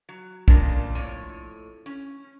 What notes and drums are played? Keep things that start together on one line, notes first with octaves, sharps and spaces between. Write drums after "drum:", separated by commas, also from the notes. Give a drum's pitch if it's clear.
F#3
F2 A#2 C#3 D4 A#4, drum: kick
F2 A2 C#5 D#7
C#4